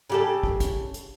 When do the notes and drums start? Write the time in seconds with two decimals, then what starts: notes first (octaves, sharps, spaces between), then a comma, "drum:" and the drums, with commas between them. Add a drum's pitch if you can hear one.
0.10 C#3 G4 A4
0.43 drum: kick
0.60 drum: kick, hi-hat
0.94 drum: hi-hat